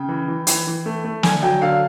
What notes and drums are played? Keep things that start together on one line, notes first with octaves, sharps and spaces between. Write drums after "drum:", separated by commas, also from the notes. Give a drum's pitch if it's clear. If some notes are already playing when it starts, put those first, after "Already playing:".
Already playing: C#3 G5
E3
E3
E3, drum: hi-hat
E3
A3
A3
D3 G#5, drum: snare
F#3 G5
D3 F5